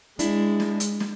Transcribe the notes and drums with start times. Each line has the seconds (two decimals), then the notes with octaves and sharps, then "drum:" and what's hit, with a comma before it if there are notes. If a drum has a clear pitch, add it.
0.19 G#3 D4 E4, drum: hi-hat
0.60 drum: snare
0.80 drum: hi-hat
1.00 drum: snare